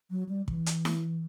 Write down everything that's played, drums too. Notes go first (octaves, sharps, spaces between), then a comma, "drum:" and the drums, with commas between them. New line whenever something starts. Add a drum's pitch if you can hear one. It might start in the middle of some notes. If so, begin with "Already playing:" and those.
F#3
G3
E3, drum: kick
drum: hi-hat
drum: snare E4